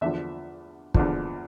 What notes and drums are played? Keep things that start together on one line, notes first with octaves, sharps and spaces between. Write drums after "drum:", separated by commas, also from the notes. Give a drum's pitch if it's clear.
E2 D3 F3 E5
E2 D3 F3, drum: kick